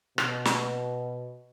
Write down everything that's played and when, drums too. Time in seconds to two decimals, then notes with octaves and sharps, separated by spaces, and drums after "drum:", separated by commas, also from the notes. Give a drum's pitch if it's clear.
0.18 B2, drum: rim click
0.45 drum: snare